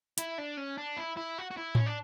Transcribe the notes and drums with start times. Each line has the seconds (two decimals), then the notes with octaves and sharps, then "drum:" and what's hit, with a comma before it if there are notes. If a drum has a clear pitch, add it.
0.18 E4, drum: hi-hat
0.38 D4
0.57 C#4
0.78 D4
0.97 E4
1.17 E4
1.38 F#4
1.51 F#4
1.57 E4
1.75 C#4, drum: tom A2
1.86 D4